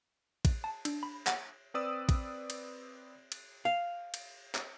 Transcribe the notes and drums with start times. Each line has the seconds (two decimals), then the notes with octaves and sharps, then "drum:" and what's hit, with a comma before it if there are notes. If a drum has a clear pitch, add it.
0.45 drum: kick, cymbal
0.64 A5
0.85 D4, drum: cymbal
1.03 B5
1.27 F#5, drum: clap
1.74 C4 B4 D5 D#6 E6
2.09 drum: kick, cymbal
2.50 drum: cymbal
3.32 drum: cymbal
3.65 F5
4.14 drum: cymbal
4.55 drum: clap